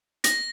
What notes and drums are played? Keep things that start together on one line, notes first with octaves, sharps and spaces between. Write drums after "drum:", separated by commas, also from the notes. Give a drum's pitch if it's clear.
A#6, drum: hi-hat